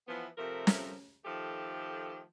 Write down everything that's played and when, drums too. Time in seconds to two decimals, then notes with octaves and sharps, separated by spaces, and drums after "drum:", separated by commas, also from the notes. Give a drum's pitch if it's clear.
0.07 E3 F3 B3
0.38 C3 F3 A3 A#4
0.67 drum: snare
1.25 D#3 F3 A3 G4 A4